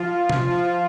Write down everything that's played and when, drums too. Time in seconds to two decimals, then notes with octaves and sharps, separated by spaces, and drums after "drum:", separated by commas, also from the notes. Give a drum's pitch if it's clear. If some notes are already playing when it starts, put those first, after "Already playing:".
Already playing: F3 F4
0.29 drum: tom C3
0.50 F3 F4